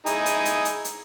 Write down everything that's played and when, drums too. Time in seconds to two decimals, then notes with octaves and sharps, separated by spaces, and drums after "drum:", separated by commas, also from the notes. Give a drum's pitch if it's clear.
0.06 D#4 E4 G#4, drum: hi-hat
0.26 drum: hi-hat
0.45 drum: hi-hat
0.65 drum: hi-hat
0.85 drum: hi-hat